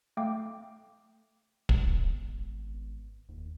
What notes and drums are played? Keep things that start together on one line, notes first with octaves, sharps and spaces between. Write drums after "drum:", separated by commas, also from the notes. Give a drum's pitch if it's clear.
A3 F5 G5 D6
G#1 B3, drum: kick
F1 D#2